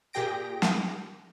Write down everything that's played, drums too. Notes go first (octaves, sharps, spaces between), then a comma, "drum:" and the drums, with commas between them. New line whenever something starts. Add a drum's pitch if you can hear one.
A#2 G4 G#4 G5 A#6 D7
drum: snare